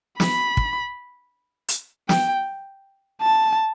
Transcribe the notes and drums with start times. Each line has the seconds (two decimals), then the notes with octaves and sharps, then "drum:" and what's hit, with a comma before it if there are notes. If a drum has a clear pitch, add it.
0.20 B5, drum: snare
0.57 drum: kick
1.68 drum: hi-hat
2.09 G5, drum: snare
3.22 A5